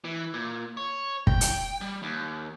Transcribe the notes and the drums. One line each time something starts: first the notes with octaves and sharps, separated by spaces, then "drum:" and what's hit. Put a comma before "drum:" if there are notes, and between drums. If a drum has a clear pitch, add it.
E3
A#2
C#5
G5, drum: kick
drum: hi-hat
G3
D#2